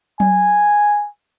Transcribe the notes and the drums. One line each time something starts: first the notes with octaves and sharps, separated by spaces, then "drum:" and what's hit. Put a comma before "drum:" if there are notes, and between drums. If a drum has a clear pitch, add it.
G#5, drum: tom F#3